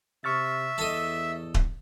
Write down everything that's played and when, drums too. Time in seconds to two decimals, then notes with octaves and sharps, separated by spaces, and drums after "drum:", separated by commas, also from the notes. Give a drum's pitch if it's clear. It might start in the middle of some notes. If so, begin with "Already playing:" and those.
0.24 C3 E5 C#6 F6 A6
0.78 E2 A4 D#5
1.54 drum: kick D#1